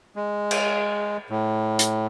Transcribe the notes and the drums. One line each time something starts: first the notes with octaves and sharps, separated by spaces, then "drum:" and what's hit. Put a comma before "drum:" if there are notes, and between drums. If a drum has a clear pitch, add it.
G#3
drum: cymbal
A2
drum: hi-hat